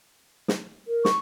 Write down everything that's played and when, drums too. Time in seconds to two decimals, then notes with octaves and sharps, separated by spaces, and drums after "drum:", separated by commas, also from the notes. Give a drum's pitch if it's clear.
0.48 drum: snare
0.88 A#4
1.05 C#6, drum: snare